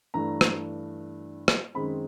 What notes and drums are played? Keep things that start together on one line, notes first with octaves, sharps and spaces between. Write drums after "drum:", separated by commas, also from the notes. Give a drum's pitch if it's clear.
G2 E3 A3 D4 A#5
drum: rim click
drum: rim click
F#2 D#3 G#3 C4 B5